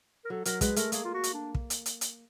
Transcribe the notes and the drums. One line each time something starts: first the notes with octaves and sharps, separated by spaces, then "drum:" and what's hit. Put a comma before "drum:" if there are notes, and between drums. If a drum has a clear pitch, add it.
A#4
F#3 A4
F#3 A#4, drum: hi-hat
G#3 B4, drum: kick, hi-hat
A3 A#4, drum: hi-hat
A#3 G#4, drum: hi-hat
F4
F#4
drum: hi-hat
D4
drum: kick
drum: hi-hat
drum: hi-hat
drum: hi-hat